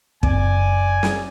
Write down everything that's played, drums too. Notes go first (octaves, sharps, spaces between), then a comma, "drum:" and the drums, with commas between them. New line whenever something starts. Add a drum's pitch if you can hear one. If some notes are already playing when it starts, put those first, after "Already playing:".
F#1 C4 D5 G#5, drum: kick
drum: snare